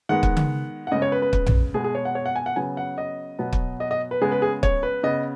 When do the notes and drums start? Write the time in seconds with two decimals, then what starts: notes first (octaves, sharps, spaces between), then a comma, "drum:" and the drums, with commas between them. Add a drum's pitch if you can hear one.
0.09 D#3 G#3 B3 F#5
0.23 drum: kick
0.37 drum: tom C#3
0.87 F#5
0.92 C#3 G#3 B3 D#5
1.02 C#5
1.12 B4
1.22 B4
1.33 drum: kick
1.46 drum: tom A#1
1.74 B2 G#3 B3 G#4
1.84 G#4
1.95 C#5
2.05 F#5
2.15 C#5
2.26 F#5
2.36 G#5
2.46 F#5
2.56 C#3 F#3 B3 G#5
2.77 F#5
2.98 D#5
3.39 B2 F#3 B3
3.53 drum: kick
3.80 D#5
3.91 D#5
4.11 B4
4.21 C#3 G#3 B3 G#4
4.32 B4
4.42 G#4
4.63 C#5, drum: kick
4.83 B4
5.03 C#3 B3 D#5